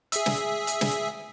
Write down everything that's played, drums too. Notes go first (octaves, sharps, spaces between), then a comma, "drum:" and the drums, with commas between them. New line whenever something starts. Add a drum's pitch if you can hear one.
G#4 E5, drum: hi-hat
drum: snare
drum: hi-hat
drum: snare